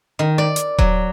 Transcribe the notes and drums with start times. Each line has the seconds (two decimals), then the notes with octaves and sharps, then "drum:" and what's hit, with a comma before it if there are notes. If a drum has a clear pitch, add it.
0.19 D#3
0.38 D5
0.56 drum: hi-hat
0.78 F#3, drum: kick D#1